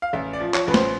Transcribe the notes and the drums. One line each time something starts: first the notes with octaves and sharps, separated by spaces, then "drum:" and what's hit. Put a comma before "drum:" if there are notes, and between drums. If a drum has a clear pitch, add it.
F5
A1 E5
D5
F3
C#5, drum: clap
A1 B4
C5, drum: snare